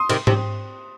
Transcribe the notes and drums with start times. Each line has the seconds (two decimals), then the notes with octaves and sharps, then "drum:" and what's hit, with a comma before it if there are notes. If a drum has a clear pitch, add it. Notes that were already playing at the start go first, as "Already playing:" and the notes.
Already playing: C6 D#6
0.10 C3 D#3, drum: cymbal
0.27 C3, drum: tom G#2